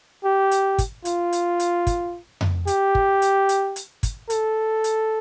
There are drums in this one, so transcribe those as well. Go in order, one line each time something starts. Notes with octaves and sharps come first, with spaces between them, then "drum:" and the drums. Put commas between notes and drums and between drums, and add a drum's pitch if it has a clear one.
G4
drum: hi-hat
drum: kick, hi-hat
F4, drum: hi-hat
drum: hi-hat
drum: hi-hat
drum: kick, hi-hat
drum: tom F2
G4, drum: hi-hat
drum: kick
drum: hi-hat
drum: hi-hat
drum: hi-hat
drum: kick, hi-hat
A4, drum: hi-hat
drum: hi-hat